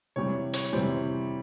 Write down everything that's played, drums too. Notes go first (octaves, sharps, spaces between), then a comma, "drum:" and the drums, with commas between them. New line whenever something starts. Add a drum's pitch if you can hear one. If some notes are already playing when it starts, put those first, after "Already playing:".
C3 E3 G3 C#5
C#5, drum: hi-hat
C3 E3 G3 C5